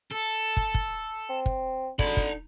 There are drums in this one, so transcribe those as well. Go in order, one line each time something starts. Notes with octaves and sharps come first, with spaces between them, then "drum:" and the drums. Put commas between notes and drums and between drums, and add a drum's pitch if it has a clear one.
A4
drum: kick
drum: kick
C4
drum: kick
D3 D#4 B5, drum: kick
drum: kick